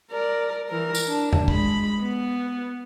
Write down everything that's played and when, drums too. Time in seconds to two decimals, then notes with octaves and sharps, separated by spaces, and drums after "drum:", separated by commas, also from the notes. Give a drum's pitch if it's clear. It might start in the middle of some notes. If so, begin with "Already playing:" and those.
0.11 A#4 D5
0.69 E3 A#4
0.95 drum: tambourine
1.08 D4
1.33 drum: tom E2
1.48 G#3 B5, drum: kick
2.02 B3